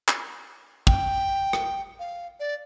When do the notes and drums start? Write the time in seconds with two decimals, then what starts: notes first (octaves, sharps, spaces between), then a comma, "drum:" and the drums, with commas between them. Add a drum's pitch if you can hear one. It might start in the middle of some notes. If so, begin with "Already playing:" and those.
0.08 drum: clap
0.87 G5, drum: kick
1.53 drum: rim click
1.99 F5
2.40 D5